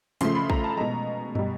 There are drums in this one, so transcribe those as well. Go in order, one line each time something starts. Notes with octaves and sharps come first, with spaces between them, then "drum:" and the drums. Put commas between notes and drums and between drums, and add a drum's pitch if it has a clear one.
C#3 F3 A3 C6, drum: hi-hat
B5
A#5, drum: kick
A5
B2 G#3 A#5
B2 G3, drum: tom